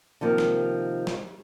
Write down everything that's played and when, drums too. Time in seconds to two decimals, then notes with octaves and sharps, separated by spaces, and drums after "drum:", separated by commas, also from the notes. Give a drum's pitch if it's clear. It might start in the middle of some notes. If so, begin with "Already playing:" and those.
0.21 C3 D#3 F3 A#3
0.38 drum: snare
1.07 drum: snare